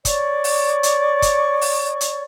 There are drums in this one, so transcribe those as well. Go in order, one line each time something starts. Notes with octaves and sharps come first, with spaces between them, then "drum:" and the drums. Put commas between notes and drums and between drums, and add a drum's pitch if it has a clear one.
C#5 D5 C#6, drum: kick, hi-hat
drum: open hi-hat
drum: hi-hat
drum: kick, hi-hat
drum: open hi-hat
drum: hi-hat